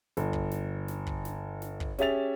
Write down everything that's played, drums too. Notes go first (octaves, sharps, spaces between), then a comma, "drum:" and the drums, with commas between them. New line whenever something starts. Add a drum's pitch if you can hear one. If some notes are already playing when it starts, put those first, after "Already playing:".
G1, drum: snare
drum: kick
drum: snare
drum: snare
drum: kick
drum: snare
drum: snare
drum: kick
C#4 G4 G#4 E5 A6 F7, drum: snare